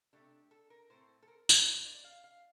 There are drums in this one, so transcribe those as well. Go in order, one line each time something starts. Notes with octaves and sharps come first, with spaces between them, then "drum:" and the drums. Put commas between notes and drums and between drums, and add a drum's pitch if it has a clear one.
C3 D#3 A3 D4 G4
A4
A#4
A2 A3 C4 C5
A4
A#4
drum: tambourine
A2 G3 A#3 D4 C5
D5
F5
F5